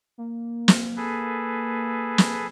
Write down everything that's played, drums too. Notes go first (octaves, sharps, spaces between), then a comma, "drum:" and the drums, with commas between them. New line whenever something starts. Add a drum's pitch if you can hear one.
A#3
drum: snare
G#4 A4 B4
drum: snare